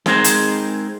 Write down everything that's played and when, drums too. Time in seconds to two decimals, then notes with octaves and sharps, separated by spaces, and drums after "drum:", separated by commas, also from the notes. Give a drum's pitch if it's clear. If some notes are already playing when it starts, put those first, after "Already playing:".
0.06 G#3 C4 D#4 G#4 A#4 C5, drum: snare
0.24 drum: hi-hat